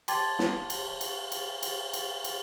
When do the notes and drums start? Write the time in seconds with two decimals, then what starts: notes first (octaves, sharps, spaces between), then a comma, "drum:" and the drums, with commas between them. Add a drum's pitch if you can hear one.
0.08 G5 A5 C6 D6 G#6 A6, drum: cymbal
0.39 drum: snare
0.70 drum: cymbal
1.01 drum: cymbal
1.32 drum: cymbal
1.63 drum: cymbal
1.94 drum: cymbal
2.24 drum: cymbal